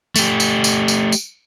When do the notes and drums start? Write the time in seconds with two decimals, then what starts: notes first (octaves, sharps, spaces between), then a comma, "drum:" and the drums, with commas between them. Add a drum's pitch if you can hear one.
0.16 A3 G4, drum: tambourine
0.40 drum: tambourine
0.64 drum: tambourine
0.88 drum: tambourine
1.12 drum: tambourine